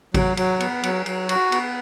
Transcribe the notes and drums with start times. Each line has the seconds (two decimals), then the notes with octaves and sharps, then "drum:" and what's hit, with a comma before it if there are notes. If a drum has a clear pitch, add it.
0.14 F#3, drum: kick G#1, cymbal
0.37 F#3, drum: cymbal
0.60 B3, drum: cymbal
0.83 F#3, drum: cymbal
1.06 F#3, drum: cymbal
1.29 F#4, drum: cymbal
1.52 B3, drum: cymbal